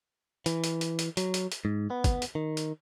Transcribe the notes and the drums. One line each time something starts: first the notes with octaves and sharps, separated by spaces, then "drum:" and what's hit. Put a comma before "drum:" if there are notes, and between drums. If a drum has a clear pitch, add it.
E3, drum: hi-hat
drum: hi-hat
drum: hi-hat
drum: hi-hat
F#3, drum: hi-hat
drum: hi-hat
drum: hi-hat
G#2
B3
drum: kick, hi-hat
drum: hi-hat
D#3
drum: hi-hat